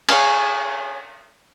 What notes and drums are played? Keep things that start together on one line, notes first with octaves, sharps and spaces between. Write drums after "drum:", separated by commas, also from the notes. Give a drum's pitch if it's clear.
G#4 C#5 F5 G#5, drum: cymbal